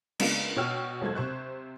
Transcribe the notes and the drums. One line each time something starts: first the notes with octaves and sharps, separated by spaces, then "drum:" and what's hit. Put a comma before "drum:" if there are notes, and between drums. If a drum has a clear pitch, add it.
C#3 G#3 A#3 B3 D4 F4, drum: cymbal
B2 F#4 C#5 G5 E6 F6
D#2 F#3 G#3 A4 C5 G#6
C3 C5 C#6 F#6